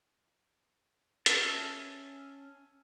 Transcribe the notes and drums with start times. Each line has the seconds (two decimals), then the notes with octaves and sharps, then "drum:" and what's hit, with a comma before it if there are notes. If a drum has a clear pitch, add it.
1.26 C#4 E5 A5, drum: hi-hat